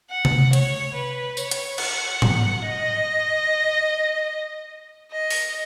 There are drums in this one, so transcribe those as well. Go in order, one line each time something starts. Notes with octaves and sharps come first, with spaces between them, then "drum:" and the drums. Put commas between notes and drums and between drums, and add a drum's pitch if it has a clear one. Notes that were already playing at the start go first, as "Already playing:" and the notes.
F#5
drum: tom C3
C#5, drum: hi-hat
B4
C#5, drum: tambourine
drum: hi-hat
F#5, drum: cymbal
drum: tom G#2
D#5
D#5
drum: open hi-hat